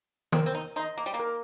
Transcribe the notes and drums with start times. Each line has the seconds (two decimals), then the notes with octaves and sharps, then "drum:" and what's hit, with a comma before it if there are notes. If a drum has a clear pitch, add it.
0.32 C4 A#4, drum: tom D#3
0.46 C4
0.55 D#4
0.76 D#4 D#5 C6
0.98 A#3
1.06 G3
1.14 A#3
1.19 A#4